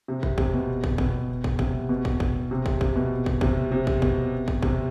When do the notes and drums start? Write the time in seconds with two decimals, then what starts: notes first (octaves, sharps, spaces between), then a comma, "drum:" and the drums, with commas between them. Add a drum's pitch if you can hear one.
0.08 C3
0.23 drum: kick
0.38 C3, drum: kick
0.54 B2
0.84 drum: kick
0.98 B2, drum: kick
1.44 drum: kick
1.59 C3, drum: kick
1.89 B2
2.05 drum: kick
2.20 drum: kick
2.51 C3
2.66 drum: kick
2.81 C3, drum: kick
2.96 B2
3.26 drum: kick
3.41 C3, drum: kick
3.72 C3
3.87 drum: kick
4.02 B2, drum: kick
4.48 drum: kick
4.63 C3, drum: kick